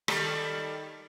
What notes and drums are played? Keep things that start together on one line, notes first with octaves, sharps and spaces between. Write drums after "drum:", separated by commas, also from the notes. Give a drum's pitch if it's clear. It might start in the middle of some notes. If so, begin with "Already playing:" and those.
D#3 G3 A4, drum: rim click